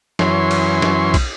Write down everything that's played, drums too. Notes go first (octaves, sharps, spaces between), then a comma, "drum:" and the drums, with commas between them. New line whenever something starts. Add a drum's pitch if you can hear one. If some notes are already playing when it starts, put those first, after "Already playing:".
F#2 E3 C#4 C6, drum: snare
drum: cymbal
drum: snare
drum: kick, cymbal